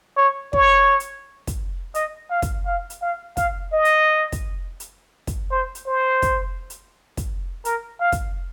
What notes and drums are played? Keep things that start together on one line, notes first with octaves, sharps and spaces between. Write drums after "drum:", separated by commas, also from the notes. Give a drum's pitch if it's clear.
C#5
C#5, drum: kick
drum: hi-hat
drum: kick, hi-hat
D#5, drum: hi-hat
F5
drum: kick, hi-hat
F5
drum: hi-hat
F5
F5, drum: kick, hi-hat
D#5
drum: hi-hat
drum: kick, hi-hat
drum: hi-hat
drum: kick, hi-hat
C5
drum: hi-hat
C5
drum: kick, hi-hat
drum: hi-hat
drum: kick, hi-hat
A#4, drum: hi-hat
F5
drum: kick, hi-hat